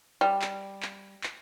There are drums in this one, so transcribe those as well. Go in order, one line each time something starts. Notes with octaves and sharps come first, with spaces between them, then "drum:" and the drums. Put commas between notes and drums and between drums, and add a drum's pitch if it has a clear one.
G3
drum: clap
drum: clap
drum: clap